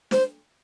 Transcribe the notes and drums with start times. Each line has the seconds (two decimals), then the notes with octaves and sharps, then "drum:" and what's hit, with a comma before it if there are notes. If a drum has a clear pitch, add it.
0.11 C5, drum: snare